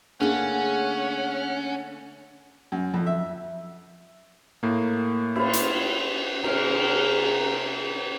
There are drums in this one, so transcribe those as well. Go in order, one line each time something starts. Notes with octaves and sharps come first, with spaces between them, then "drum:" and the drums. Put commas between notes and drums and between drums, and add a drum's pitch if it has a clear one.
D3 A3 A#3 C#4 G#4 F#5 A5
F#2
F2
E5
A2 A#3
E4 F4, drum: cymbal
drum: hi-hat
D#2 C3 G#4 A#4, drum: cymbal